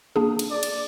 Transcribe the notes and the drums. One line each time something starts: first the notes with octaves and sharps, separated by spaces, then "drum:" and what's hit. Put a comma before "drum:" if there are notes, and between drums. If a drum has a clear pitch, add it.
A#3 D4 G#4
drum: cymbal
D5
drum: cymbal